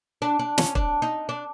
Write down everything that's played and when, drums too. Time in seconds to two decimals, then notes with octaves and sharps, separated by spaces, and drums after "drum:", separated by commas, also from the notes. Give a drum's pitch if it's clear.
0.22 D4
0.39 D4
0.58 C#4, drum: snare
0.75 D4, drum: kick
1.02 D#4
1.29 D4